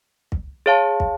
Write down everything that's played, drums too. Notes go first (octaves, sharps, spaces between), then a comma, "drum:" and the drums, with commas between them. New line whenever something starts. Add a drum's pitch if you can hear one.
drum: kick
G#4 C#5 F5 A5
drum: kick